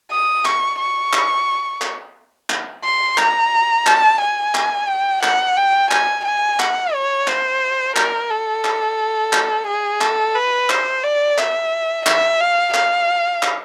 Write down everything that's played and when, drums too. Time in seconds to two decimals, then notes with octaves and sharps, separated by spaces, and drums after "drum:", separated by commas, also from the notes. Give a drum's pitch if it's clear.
0.11 D#6
0.45 C#6, drum: clap
0.79 C#6
1.13 drum: clap
1.81 drum: clap
2.50 drum: clap
2.84 C6
3.18 A#5, drum: clap
3.86 A5, drum: clap
4.21 G#5
4.55 drum: clap
4.88 G5
5.23 F#5, drum: clap
5.57 G5
5.91 G#5, drum: clap
6.25 G#5
6.60 F#5, drum: clap
6.94 C#5
7.27 C5, drum: clap
7.96 A#4, drum: clap
8.30 A4
8.64 drum: clap
9.33 drum: clap
9.67 G#4
10.01 A4, drum: clap
10.35 B4
10.70 C5, drum: clap
11.04 D5
11.38 E5, drum: clap
12.06 E5, drum: clap
12.40 F5
12.74 F5, drum: clap
13.43 drum: clap